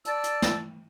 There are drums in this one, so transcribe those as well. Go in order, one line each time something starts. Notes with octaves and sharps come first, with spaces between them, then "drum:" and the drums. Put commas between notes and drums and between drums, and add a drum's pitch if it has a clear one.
D5 A5 E6, drum: hi-hat
drum: hi-hat
drum: snare